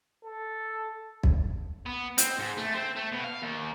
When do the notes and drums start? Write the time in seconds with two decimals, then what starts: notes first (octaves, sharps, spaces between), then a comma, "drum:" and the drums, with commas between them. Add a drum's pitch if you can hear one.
0.24 A4
1.23 drum: kick
1.86 B3
2.18 C4, drum: hi-hat
2.39 G#2
2.57 A3
2.75 C4
2.96 A3
3.12 B2
3.24 F5
3.42 D#2